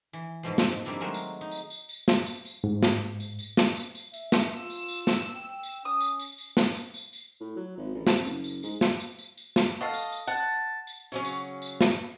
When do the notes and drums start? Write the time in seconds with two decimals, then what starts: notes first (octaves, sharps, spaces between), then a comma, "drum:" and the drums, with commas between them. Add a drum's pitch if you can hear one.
0.13 E3
0.43 F2 G#2 B2 F3
0.58 drum: snare
0.85 G3 A#3 C4 D4 E4
1.00 D#3 F#3 G#3 A3 A#4 C5
1.14 drum: tambourine
1.41 D#4
1.52 drum: tambourine
1.70 drum: tambourine
1.89 drum: tambourine
2.08 drum: snare
2.26 drum: tambourine
2.45 drum: tambourine
2.64 G#2
2.83 drum: snare
3.20 drum: tambourine
3.39 drum: tambourine
3.57 drum: snare
3.76 drum: tambourine
3.95 drum: tambourine
4.14 E5, drum: tambourine
4.32 drum: snare
4.55 F4 E6
4.70 drum: tambourine
4.88 drum: tambourine
5.07 drum: snare
5.36 G5
5.63 drum: tambourine
5.85 C#4 D#6
6.01 drum: tambourine
6.19 drum: tambourine
6.38 drum: tambourine
6.57 drum: snare
6.75 drum: tambourine
6.94 drum: tambourine
7.13 drum: tambourine
7.40 A2
7.56 F#3
7.77 G#1
7.94 A1
8.07 C3, drum: snare
8.25 F#1, drum: tambourine
8.44 drum: tambourine
8.63 G#2, drum: tambourine
8.81 drum: snare
9.00 drum: tambourine
9.19 drum: tambourine
9.37 drum: tambourine
9.56 drum: snare
9.81 F#4 A4 D#5 F5
9.93 drum: tambourine
10.12 drum: tambourine
10.27 F#5 A5
10.87 drum: tambourine
11.12 C#3 F#3 C#4
11.24 drum: tambourine
11.62 drum: tambourine
11.81 drum: snare